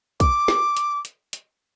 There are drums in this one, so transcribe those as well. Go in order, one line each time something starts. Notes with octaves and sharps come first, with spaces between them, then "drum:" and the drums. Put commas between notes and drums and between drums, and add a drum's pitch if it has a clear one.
D6, drum: kick, hi-hat
drum: snare
drum: hi-hat
drum: hi-hat
drum: hi-hat